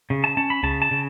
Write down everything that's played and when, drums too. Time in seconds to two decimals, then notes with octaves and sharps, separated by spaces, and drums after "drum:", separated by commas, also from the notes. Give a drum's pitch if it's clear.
0.10 C#3
0.24 A5
0.37 C#4 A5
0.50 B5
0.63 C#3 A5, drum: kick C2
0.82 A5
0.91 C#3